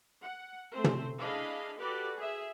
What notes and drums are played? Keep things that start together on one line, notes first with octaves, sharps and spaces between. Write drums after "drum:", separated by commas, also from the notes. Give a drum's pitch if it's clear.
F#5
A3 C4 C5
drum: tom
D4 E4 G#4 D#5 F5 B5
F#4 G4 A4 B4 D5
G#4 E5